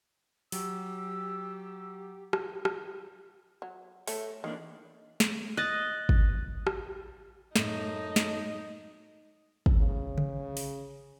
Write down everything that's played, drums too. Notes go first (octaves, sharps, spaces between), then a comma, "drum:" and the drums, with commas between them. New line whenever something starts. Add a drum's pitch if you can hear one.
F#3 G4 E6, drum: open hi-hat
drum: rim click
drum: rim click
F#3
A3 A4 C#5, drum: open hi-hat
D#3 E3 A#3 D4
drum: snare
D#5 F#6 A6
drum: kick
drum: rim click
F#2 A2 D#4, drum: snare
drum: snare
drum: kick
C#3
drum: tom C#3
drum: open hi-hat